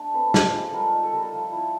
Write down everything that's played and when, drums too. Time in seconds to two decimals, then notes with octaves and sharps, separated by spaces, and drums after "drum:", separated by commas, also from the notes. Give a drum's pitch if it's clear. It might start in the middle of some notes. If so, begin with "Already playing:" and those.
Already playing: A3 D4
0.14 C4 B4
0.34 F3, drum: snare
0.54 G#3
0.68 A4
0.73 G3 A#4
0.93 D#4
1.03 A4
1.13 G3 A#4
1.22 A4
1.33 F3
1.52 E4